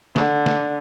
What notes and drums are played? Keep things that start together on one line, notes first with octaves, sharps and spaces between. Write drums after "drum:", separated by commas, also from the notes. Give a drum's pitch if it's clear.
D3, drum: snare
drum: snare